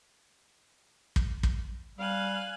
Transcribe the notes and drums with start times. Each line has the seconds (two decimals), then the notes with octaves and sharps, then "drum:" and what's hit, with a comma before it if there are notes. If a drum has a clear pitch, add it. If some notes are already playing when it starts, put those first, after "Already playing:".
1.16 drum: kick
1.43 drum: kick
1.98 G3 F5 G#5 F#6